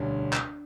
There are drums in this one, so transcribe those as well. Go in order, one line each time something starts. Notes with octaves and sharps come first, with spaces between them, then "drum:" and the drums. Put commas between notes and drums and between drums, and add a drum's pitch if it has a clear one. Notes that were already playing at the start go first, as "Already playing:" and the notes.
Already playing: E1 D2 D3 G3 C#4 D4
drum: clap